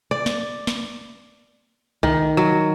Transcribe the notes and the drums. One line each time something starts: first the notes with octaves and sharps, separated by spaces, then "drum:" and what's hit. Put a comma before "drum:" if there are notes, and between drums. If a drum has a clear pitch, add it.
D5
drum: snare
drum: snare
D#3, drum: kick C2
F#3